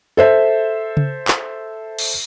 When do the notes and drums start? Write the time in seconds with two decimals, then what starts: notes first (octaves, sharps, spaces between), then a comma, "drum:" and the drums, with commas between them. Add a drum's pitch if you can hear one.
0.17 A4 C5 E5
0.97 drum: tom C#3
1.28 drum: clap
1.99 drum: cymbal